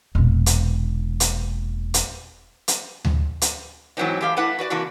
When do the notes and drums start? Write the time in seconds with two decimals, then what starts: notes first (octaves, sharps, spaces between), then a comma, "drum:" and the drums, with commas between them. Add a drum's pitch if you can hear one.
0.15 E1 A#2
0.46 drum: hi-hat
1.20 drum: hi-hat
1.94 drum: hi-hat
2.68 drum: hi-hat
3.05 drum: tom D2
3.41 drum: hi-hat
3.97 G#2 E3 F#3 B3 C4 D#4
4.21 E3 A3 G4 D5 F5
4.37 A3 D4 E4 B4 F#5
4.59 F#4 B4 D5
4.70 C3 E3 A#3 D4 F#4